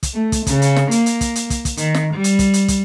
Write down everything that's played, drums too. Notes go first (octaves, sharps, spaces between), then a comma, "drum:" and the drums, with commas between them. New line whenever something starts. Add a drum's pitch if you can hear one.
drum: kick, hi-hat
A3
drum: kick, hi-hat
C#3, drum: kick, hi-hat
drum: hi-hat
drum: snare
A#3, drum: hi-hat
drum: hi-hat
drum: kick, hi-hat
drum: hi-hat
drum: kick, hi-hat
drum: kick, hi-hat
D#3, drum: hi-hat
drum: snare
G3
drum: hi-hat
drum: kick, hi-hat
drum: hi-hat
drum: kick, hi-hat